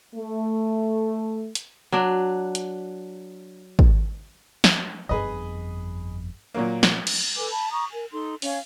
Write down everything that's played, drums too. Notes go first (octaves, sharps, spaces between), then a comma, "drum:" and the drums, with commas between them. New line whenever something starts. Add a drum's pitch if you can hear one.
A3
drum: hi-hat
F#3 D4
drum: hi-hat
drum: kick
drum: snare
G1 F2 G#4 B4 D#5
A#2 F#3 A#3
drum: snare
drum: cymbal
A4 B4 G#5 D6
A5 B5
A#5 C#6 D#6
A#4 G#5
D#4 A4 C6
C#4 F5 G#5, drum: open hi-hat